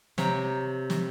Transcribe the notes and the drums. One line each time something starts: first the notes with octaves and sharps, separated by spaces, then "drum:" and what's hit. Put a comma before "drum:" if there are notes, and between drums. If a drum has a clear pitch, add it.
C3 G4 C#5 A#5, drum: snare
drum: snare